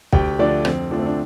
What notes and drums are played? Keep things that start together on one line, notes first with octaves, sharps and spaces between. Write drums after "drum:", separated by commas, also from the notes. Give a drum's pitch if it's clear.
D2 G4 G5, drum: kick
D3 F3 A3 D4 D5
F2 C4, drum: rim click
D3 F3 A3 D4
C4
D4